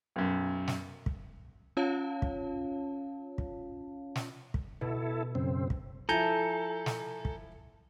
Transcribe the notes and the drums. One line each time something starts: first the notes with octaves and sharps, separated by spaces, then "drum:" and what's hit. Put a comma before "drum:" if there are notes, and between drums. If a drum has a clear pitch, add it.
B1 F#2
drum: snare
drum: kick
C#4 F4 C#5 F5 A5
drum: kick
drum: kick
drum: snare
drum: kick
B2 E4 A4
F#2 C#3 C4
drum: kick
F3 E4 A4 G#5 A#5 G6
drum: snare
drum: kick